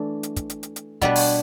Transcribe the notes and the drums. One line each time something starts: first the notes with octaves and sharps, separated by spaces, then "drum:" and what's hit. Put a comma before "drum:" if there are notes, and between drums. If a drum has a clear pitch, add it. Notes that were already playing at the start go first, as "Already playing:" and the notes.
Already playing: E3 A3 D4
drum: hi-hat
drum: kick, hi-hat
drum: hi-hat
drum: hi-hat
drum: hi-hat
B2 G3 B3 D4 B4, drum: kick, hi-hat
drum: open hi-hat